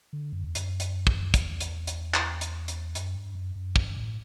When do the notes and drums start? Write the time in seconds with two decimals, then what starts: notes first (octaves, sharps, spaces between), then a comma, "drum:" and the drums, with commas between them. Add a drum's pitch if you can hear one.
0.13 D3
0.33 F#2
0.44 E2
0.55 F#2, drum: hi-hat
0.80 drum: hi-hat
1.07 drum: kick
1.34 E2, drum: kick, hi-hat
1.60 drum: hi-hat
1.87 drum: hi-hat
2.14 drum: clap
2.41 drum: hi-hat
2.68 drum: hi-hat
2.95 F#2, drum: hi-hat
3.15 G2
3.35 F#2
3.56 F#2
3.76 G2, drum: kick
3.96 A2